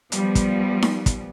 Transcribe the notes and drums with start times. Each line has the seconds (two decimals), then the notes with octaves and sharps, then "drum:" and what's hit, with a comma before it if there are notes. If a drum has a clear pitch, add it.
0.12 F3 G3 B3, drum: hi-hat
0.35 drum: kick, hi-hat
0.82 drum: snare D#4
1.06 drum: kick, hi-hat